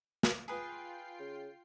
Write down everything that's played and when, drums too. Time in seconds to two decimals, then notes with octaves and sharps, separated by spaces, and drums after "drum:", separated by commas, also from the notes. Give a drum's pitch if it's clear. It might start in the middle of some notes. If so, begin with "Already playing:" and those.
0.23 drum: snare
0.48 F4 G#4 B4 G5 C7
1.19 C#3